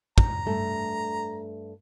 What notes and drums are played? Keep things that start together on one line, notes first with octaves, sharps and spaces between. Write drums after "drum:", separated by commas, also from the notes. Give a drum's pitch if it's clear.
A#5, drum: kick
G2 A3